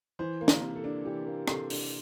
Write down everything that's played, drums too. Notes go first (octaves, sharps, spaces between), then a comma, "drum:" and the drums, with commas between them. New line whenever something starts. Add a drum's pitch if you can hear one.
E3 C5
A#3
A#4, drum: snare
C3
A4
D4
E3 G4
A#3
C3 A4, drum: rim click
D4, drum: open hi-hat